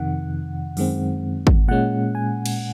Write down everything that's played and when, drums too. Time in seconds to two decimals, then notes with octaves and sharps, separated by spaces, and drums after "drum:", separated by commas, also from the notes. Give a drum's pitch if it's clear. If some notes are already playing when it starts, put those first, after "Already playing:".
Already playing: F2 C3 D#3 F#5
0.77 F#2 D#3 G#3 C4, drum: open hi-hat
1.47 drum: kick
1.68 A#2 G#3 C#4 F#5
2.15 G#5
2.46 drum: cymbal